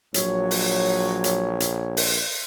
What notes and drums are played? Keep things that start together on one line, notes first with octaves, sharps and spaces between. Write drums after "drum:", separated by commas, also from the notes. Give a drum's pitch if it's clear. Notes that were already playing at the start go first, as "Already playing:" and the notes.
A#1 F#3 C#5, drum: hi-hat
drum: open hi-hat
drum: hi-hat
drum: hi-hat
drum: open hi-hat